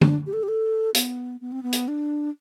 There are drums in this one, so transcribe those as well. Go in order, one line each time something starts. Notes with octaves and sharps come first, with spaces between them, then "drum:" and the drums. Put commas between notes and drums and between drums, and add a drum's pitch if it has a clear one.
D4, drum: tom
G4
A4
G4
A4
B3, drum: hi-hat
B3
C4
B3
drum: hi-hat
D4